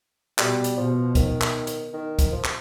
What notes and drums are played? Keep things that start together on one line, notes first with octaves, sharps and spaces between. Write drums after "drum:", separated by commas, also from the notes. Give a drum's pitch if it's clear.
B2 G3, drum: clap
drum: hi-hat
B2 F3
D#3, drum: kick, hi-hat
drum: clap
drum: hi-hat
D#3
drum: kick, hi-hat
F3
drum: clap